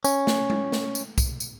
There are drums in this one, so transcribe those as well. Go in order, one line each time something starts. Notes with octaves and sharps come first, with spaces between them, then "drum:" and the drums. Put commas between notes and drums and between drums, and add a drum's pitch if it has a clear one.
C#4, drum: tambourine
drum: snare
drum: tom G#3
drum: snare
drum: tambourine
drum: kick, tambourine
drum: tambourine